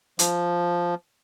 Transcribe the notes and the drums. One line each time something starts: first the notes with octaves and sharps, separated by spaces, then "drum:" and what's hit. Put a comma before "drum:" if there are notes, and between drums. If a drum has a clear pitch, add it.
F3, drum: hi-hat